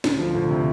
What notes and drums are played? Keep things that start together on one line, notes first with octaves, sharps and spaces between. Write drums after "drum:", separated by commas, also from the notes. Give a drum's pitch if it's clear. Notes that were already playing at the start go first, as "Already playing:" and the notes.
D2, drum: snare
F3
D2
C3